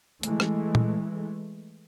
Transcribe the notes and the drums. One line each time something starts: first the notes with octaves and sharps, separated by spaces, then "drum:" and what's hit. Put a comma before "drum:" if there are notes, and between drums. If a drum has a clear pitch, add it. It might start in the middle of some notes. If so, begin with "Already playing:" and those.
E3 G#3 A3, drum: hi-hat
drum: rim click
drum: tom A#2